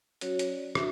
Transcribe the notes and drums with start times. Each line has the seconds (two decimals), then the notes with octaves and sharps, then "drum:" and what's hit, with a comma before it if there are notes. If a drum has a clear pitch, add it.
0.21 F#3 C#4 F#4 C#5, drum: hi-hat
0.39 drum: hi-hat
0.49 D5
0.75 D4 F#4 E5, drum: rim click